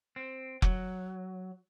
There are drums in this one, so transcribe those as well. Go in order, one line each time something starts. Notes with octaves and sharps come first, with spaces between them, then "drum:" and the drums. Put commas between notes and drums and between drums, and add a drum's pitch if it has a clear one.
C4
F#3, drum: kick F1